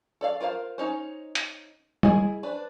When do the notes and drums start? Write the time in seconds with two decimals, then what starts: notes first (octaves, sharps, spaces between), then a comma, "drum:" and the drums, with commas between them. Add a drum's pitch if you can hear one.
0.21 A4 D5 F5
0.41 F4 A#4 C5 F5
0.78 C#4 D#4 C5
1.35 drum: hi-hat
2.03 E4 G#4 D#5 G#5, drum: tom G3
2.43 D4 B4 C5